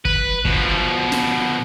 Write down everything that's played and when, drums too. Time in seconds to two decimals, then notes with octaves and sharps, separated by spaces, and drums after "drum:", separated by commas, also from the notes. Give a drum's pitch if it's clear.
0.05 B4, drum: kick
0.45 B2 F3, drum: kick
1.12 drum: snare